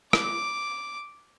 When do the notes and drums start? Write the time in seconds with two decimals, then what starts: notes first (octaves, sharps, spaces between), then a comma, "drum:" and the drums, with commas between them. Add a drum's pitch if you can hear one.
0.13 D6, drum: rim click